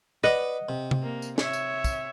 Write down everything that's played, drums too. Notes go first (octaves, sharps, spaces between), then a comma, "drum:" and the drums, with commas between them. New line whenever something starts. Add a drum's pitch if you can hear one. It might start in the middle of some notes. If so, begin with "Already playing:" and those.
B4 D5 D#5 F#5
C3
drum: tom C3
A#3
drum: tambourine
C#5 E5, drum: snare
drum: tambourine
drum: kick, tambourine